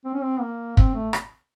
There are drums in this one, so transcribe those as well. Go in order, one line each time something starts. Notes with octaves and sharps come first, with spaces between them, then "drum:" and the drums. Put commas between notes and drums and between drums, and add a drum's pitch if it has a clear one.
C4
C#4
C4
A#3
C4, drum: kick
A3
drum: rim click